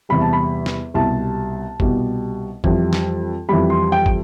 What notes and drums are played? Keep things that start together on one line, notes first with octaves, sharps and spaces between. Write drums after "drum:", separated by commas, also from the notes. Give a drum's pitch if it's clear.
E2 C3 G3 B5
A5
B5
drum: snare
C2 B2 G3 A5
C2 B2 G3, drum: kick
F2 E3 G3, drum: kick
drum: snare
F2 E3 G3 B5
C6
G5
drum: kick